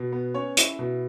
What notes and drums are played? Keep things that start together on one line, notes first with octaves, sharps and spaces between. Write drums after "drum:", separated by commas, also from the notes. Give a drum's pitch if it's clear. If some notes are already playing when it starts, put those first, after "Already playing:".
Already playing: B2
B3
C#4 C#5
E4, drum: hi-hat
B2